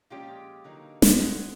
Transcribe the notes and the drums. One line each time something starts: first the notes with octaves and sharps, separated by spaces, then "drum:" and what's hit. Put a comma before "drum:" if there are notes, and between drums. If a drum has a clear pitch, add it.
A#2 F3 G#3 C#4 F4 G4
D3 F#3 A#3 D#4
drum: snare
F3 G#3 B3 D#4 F#4 G#4